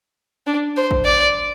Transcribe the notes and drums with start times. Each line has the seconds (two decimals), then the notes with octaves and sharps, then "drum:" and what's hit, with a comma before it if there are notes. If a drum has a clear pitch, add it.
0.47 D4
0.77 C5
0.91 drum: kick A1
1.05 D5